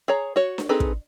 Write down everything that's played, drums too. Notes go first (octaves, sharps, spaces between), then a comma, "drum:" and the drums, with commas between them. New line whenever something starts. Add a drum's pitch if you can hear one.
G#4 C#5 A#5
F#4 C#5
drum: snare D4
C4 D#4 G#4 A4 B4
drum: kick